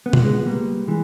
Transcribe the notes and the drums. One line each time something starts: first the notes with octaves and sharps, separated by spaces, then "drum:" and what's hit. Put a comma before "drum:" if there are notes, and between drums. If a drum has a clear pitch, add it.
B3
A#3, drum: tom B2
G#3 B3
G3 A#3
E3 G#3